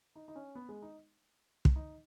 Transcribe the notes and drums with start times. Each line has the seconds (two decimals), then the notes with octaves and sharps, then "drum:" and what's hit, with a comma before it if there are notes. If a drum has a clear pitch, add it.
0.16 D#4
0.28 D#4
0.36 C#4
0.55 B3
0.69 G#3
0.82 D#4
1.65 drum: kick
1.76 D#4